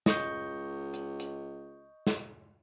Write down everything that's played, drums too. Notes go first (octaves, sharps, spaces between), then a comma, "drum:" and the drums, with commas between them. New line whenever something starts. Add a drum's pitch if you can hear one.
C#2 D#5 C#6 G6, drum: snare
drum: hi-hat
drum: hi-hat
drum: snare